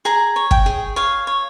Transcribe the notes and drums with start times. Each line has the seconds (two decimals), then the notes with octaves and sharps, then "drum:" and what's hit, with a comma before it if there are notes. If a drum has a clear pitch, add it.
0.05 G#4 A#5
0.36 C#5
0.51 G5, drum: kick
0.66 G#4
0.96 C#5 F5
1.27 C#5